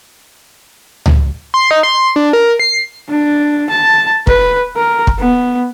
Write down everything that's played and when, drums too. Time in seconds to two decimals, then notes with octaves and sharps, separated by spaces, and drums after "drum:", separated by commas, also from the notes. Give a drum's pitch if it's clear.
1.06 drum: tom C#2
1.54 C6
1.71 D#4
1.83 C6
2.16 D4
2.33 A#4
2.60 C7
3.09 D4
3.70 A5
4.27 B4, drum: kick
4.76 A#4
5.07 drum: kick
5.19 B3